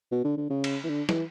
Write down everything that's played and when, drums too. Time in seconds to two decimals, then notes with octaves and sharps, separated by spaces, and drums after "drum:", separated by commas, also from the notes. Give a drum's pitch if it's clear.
0.12 B2
0.24 D3
0.37 D3
0.50 C#3
0.64 drum: cymbal
0.84 E3
0.89 D3
1.09 E3, drum: snare